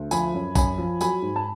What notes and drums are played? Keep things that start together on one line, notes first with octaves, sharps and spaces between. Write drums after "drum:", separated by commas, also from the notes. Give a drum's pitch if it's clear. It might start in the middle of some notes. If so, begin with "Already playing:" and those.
Already playing: D2
F3 G#5 B5, drum: tambourine
F#2
F#2 G#5 B5, drum: kick A#1, tambourine
F3
F#3 G#5 B5, drum: tambourine
G#2
A5